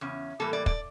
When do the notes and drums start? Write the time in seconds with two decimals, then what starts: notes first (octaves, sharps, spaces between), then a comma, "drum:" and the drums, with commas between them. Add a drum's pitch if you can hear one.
0.01 E2 C#3 C#4
0.40 A2 E3 G3 A#3 A4
0.53 D5
0.66 D5, drum: kick